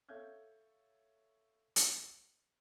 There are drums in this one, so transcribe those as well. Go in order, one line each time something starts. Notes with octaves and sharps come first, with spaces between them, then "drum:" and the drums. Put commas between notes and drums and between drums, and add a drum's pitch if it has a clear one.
A4 C#5 E5 F5 G6 G#6
drum: hi-hat